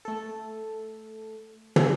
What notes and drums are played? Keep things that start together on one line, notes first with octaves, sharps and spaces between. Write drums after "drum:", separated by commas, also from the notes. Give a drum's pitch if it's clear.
A3 A4
drum: tom